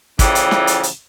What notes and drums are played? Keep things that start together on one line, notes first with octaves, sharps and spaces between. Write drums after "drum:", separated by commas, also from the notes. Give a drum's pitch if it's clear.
A2 C#3 E3 F3 G3, drum: kick, hi-hat
drum: hi-hat
drum: snare
drum: hi-hat
drum: hi-hat